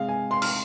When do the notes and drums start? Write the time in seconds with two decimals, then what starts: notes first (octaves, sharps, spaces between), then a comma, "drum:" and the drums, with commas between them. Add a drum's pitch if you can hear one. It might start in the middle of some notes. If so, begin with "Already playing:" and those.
Already playing: C3 G#3 F5
0.09 G#5
0.31 C6
0.42 F6, drum: cymbal